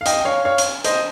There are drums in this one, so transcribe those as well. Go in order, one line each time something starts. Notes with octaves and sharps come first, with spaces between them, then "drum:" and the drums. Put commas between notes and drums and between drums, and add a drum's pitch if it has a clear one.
F5
D#5 G5, drum: hi-hat
G5
C#5 F5
C#5 F5
drum: hi-hat
C5 D#5, drum: hi-hat